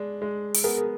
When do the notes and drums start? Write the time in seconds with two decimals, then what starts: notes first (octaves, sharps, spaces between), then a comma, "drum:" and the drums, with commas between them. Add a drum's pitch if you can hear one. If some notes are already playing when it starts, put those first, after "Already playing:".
Already playing: G#3 D4
0.22 G#3
0.54 drum: open hi-hat
0.64 B3 G#4 A#4